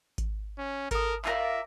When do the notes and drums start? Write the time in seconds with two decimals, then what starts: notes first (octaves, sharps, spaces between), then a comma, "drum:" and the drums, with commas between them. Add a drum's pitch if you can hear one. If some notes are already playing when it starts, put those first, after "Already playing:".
0.18 drum: kick G#1, hi-hat
0.58 C#4
0.91 A4 A#4 D#6, drum: kick G#1, hi-hat
1.25 F4 A#4 D5 E5, drum: clap